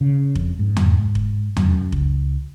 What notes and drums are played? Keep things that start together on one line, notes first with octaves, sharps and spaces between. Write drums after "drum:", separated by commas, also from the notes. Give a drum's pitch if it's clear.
C#3
F2, drum: kick F1
G#2
drum: tom E2
drum: kick F1
F#2, drum: tom E2
C#2, drum: kick F1